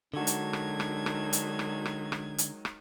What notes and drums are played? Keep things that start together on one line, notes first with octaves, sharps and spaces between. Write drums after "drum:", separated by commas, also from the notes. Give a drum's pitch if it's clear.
D3 D#3 F#3 G#3 D4 F#4 G#6
drum: hi-hat
drum: rim click
drum: rim click
drum: rim click
drum: hi-hat
drum: rim click
drum: rim click
drum: rim click
drum: hi-hat
drum: rim click